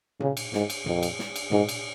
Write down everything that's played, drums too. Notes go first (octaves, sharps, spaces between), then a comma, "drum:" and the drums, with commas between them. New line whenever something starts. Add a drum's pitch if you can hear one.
C#3, drum: tom A#2
drum: cymbal
G#2, drum: snare
drum: cymbal
F2, drum: tom A#2
drum: cymbal
drum: snare
drum: cymbal
G#2, drum: tom A#2
drum: cymbal